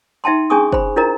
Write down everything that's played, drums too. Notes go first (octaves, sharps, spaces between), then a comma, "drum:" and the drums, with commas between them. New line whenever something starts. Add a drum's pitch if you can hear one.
D#4 E5 G5 A5 C6
C#4 D4 G#4 G#5 C#6 D#6
C5 B5, drum: kick
D4 E4 F4 A#4 D#5 A#5